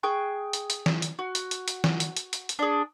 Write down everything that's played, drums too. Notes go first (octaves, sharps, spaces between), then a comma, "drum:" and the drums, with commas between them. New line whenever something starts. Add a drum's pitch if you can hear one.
G#4 G5 C#6 F#6
drum: hi-hat
drum: hi-hat
drum: snare E3
drum: hi-hat
F#4
drum: hi-hat
drum: hi-hat
drum: hi-hat
drum: snare E3
drum: hi-hat
drum: hi-hat
drum: hi-hat
drum: hi-hat
D4 G#4